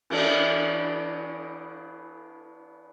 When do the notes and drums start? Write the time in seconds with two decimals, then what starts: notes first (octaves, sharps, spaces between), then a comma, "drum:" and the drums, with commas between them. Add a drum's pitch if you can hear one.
0.10 E3 D4, drum: cymbal